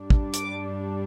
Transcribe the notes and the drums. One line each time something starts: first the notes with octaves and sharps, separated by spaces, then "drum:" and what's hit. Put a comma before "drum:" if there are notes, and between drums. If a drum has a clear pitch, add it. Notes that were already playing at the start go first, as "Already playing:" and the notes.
Already playing: G2 G3 D4
drum: kick
D6, drum: hi-hat